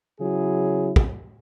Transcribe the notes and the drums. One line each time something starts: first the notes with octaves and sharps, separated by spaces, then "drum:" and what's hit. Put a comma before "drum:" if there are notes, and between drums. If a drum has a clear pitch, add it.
C#3 F#3 E4 G#4
drum: kick